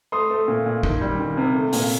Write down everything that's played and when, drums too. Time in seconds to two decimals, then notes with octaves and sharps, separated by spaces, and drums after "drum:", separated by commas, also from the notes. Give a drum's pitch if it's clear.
0.12 A3 C6 D#6
0.30 A3
0.48 A#2
0.66 A#2
0.83 D#3, drum: kick
1.01 G3
1.20 D#3
1.37 C3
1.55 A3
1.73 A#2, drum: open hi-hat